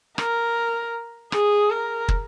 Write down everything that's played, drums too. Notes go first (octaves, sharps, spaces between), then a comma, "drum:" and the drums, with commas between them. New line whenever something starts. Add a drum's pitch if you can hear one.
A#4, drum: rim click
G#4, drum: rim click
A#4
drum: kick